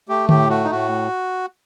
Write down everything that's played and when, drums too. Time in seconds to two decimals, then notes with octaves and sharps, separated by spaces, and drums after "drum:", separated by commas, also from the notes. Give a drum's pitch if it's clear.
0.09 A3 G4
0.29 A2 G4, drum: tom D3
0.50 A3 F#4
0.64 D#4
0.71 A2 F#4